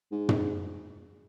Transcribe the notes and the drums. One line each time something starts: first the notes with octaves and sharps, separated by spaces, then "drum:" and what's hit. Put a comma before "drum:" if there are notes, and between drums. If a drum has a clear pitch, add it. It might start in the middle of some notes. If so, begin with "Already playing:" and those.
G#2
drum: tom